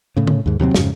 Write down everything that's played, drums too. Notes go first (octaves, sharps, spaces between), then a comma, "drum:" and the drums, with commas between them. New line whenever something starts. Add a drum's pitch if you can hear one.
A2 C#3
drum: tom
D#2 G#2
D#2 C3 F#3 C4
F2 G#2 C#3, drum: snare